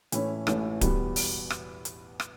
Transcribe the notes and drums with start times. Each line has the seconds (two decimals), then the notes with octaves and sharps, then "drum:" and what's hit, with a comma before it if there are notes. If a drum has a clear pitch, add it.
0.12 A2 E3 A3 C#4 E4, drum: hi-hat
0.47 A1 A2 E3 A3 C#4, drum: rim click
0.81 E2 B2 G3 B3, drum: kick D1, hi-hat
1.16 drum: open hi-hat
1.50 drum: rim click
1.85 drum: hi-hat
2.20 drum: rim click